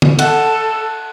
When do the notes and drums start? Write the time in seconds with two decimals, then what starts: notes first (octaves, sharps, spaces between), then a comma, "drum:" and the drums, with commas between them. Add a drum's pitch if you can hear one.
0.02 drum: tom
0.19 A4 F#5 A5, drum: cymbal